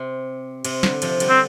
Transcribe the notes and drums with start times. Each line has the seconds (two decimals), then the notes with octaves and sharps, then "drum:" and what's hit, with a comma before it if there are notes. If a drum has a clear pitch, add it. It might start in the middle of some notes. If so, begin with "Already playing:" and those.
Already playing: C3
0.65 C3, drum: cymbal
0.83 D3, drum: snare
1.02 C3 F3, drum: cymbal
1.20 D3 G3, drum: cymbal
1.29 C4